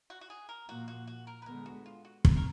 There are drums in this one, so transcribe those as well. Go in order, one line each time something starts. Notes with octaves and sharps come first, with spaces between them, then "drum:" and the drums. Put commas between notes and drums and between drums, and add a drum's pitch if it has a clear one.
F#4
F#4
G#4
A#4
A#2 F3 A#3 F#4
F#4
F#4
A#4
B4
D3 G#3 B3 A#4
F#4
F4
F#4
A#4, drum: kick
A#4